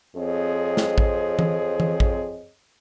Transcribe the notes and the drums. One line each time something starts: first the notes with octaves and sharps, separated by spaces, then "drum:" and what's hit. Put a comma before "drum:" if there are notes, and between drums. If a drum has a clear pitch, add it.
F2 C4 G#4 C#5 D#5
drum: snare
drum: kick
drum: tom E3
drum: tom E3
drum: kick